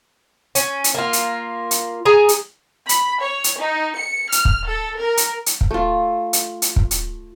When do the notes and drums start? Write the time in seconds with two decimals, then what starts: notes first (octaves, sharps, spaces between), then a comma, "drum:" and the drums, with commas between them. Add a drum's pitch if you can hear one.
0.55 C#4, drum: hi-hat
0.84 drum: hi-hat
0.94 A#3 F4
1.13 drum: hi-hat
1.71 drum: hi-hat
2.05 G#4 G#5 A#5
2.29 drum: hi-hat
2.89 B5, drum: hi-hat
3.22 C#5
3.44 drum: hi-hat
3.59 D#4
3.98 C#7
4.32 F6, drum: hi-hat
4.45 drum: kick
4.67 A4
5.00 A#4
5.17 drum: hi-hat
5.46 drum: hi-hat
5.61 drum: kick
5.71 A3 F4
6.33 drum: hi-hat
6.62 drum: hi-hat
6.76 drum: kick
6.91 drum: hi-hat